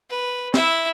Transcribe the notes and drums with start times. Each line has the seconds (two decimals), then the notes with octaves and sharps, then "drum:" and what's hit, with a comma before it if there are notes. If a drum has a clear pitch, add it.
0.10 B4
0.54 E4 E5, drum: snare